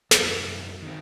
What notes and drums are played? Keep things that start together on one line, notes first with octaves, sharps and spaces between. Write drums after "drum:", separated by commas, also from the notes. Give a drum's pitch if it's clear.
C2 F#2, drum: snare
D#3 C4